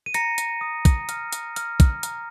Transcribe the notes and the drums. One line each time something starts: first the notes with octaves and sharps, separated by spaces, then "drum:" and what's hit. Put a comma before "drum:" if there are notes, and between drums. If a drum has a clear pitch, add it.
D#7
A#5 A#6 C#7, drum: hi-hat
drum: hi-hat
D#6
drum: kick, hi-hat
F6, drum: hi-hat
drum: hi-hat
F6, drum: hi-hat
drum: kick, hi-hat
A#5, drum: hi-hat